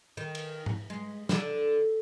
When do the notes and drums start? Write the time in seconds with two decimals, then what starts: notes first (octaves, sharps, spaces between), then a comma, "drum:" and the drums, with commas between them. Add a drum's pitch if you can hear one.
0.17 D#3
0.35 drum: cymbal
0.66 drum: tom G#2
0.90 G#3
1.29 D3, drum: snare